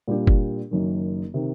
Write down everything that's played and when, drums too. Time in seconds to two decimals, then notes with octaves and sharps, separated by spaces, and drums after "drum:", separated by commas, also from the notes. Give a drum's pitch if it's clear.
0.08 A#2 G3 D4 G4
0.27 drum: kick F#1
0.71 F#1 F#2 D#3
1.34 C3 D#3